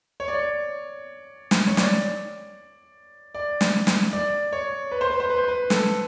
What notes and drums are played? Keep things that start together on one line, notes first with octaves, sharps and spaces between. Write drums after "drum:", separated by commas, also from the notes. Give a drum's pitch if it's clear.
C#5
D5
C#5
drum: snare
C#5
D5, drum: snare
D5
drum: snare
drum: snare
D5
C#5
B4
C5
B4
C5
B4
C5
B4
A4, drum: snare